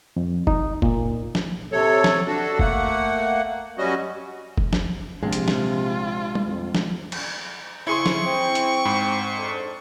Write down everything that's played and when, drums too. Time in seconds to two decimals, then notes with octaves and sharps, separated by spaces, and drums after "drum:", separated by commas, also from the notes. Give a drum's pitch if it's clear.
0.16 F2
0.47 D#4, drum: kick F1
0.82 A#2, drum: kick F1
1.35 drum: snare
1.72 C3 A4 C#5
2.04 drum: snare
2.27 D4 F#4 A4
2.59 A3 A#3 F#5, drum: kick F1
3.78 F#2 G3 C#4 F#4 D#5
4.58 drum: kick F1
4.73 drum: snare
5.23 A#1 C3 G#3 F4
5.33 drum: hi-hat
5.48 drum: snare
6.35 drum: tom G3
6.47 F2
6.75 drum: snare
7.12 drum: cymbal
7.87 F2 G#2 C#3 E4 G#4 C6 C#6
8.06 drum: snare
8.26 C4 G5
8.55 drum: hi-hat
8.85 G#2 B5
9.37 F2 D4